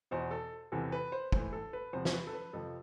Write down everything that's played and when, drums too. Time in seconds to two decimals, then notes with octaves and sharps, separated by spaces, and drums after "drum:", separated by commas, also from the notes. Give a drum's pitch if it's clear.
0.11 E2 B2 C5
0.31 A4
0.72 E2 C3 E3 A4
0.92 B4
1.12 C5
1.32 A2 E3 C5, drum: kick
1.53 A4
1.73 B4
1.93 E2 C3 F3 C5
2.05 C5, drum: snare
2.13 B4
2.27 A4
2.33 B4
2.53 F2 C3 F3 A4